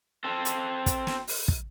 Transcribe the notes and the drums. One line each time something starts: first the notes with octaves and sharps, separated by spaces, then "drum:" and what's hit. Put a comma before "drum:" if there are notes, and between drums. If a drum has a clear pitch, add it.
C4 A4
drum: hi-hat
drum: kick, hi-hat
drum: snare
drum: open hi-hat
drum: kick